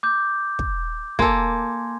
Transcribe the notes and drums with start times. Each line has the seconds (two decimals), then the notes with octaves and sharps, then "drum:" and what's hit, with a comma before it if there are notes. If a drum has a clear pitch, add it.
0.03 D6 G6
0.59 drum: kick
1.19 A#3 A4 G#5 C6 G#6, drum: kick